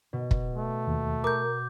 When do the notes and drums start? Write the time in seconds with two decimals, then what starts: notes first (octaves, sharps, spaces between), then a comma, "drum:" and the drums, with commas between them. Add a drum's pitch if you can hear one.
0.13 B2
0.31 drum: kick
0.56 A3
0.87 D#2
1.24 A#4 D6 G6